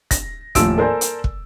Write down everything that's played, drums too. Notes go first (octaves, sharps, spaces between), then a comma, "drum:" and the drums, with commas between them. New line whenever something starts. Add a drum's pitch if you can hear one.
A#6, drum: kick, hi-hat
D#1 A2 F3 F4 E6 D7, drum: kick, hi-hat
A4 A#4 C5 D5 G#5
drum: hi-hat
drum: kick